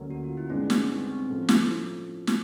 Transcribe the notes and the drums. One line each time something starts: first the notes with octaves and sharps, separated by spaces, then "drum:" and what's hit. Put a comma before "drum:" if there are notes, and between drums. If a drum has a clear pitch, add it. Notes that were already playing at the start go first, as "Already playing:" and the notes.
Already playing: D2 D3 F#3 A#3 C#4
F#4
F4
E4
G2 D#3 G#3 B3 C#4 D4
drum: snare
C4
C4
A2 F3 A3 C#4 F4
drum: snare
drum: snare